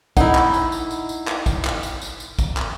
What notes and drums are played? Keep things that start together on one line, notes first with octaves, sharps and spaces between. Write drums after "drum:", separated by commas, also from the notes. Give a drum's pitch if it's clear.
D#4 E4 F#5, drum: kick, tambourine
drum: clap
drum: tambourine
drum: tambourine
drum: tambourine
drum: tambourine
drum: clap
drum: kick, tambourine
drum: clap
drum: tambourine
drum: tambourine
drum: tambourine
drum: kick, tambourine
drum: clap